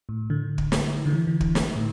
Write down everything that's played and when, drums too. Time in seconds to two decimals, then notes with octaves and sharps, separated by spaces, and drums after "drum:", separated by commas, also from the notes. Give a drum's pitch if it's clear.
0.09 A2
0.30 D3
0.58 drum: kick
0.72 drum: snare
1.06 D3
1.13 E3
1.27 E3
1.41 D3, drum: kick
1.55 D3, drum: snare
1.76 A2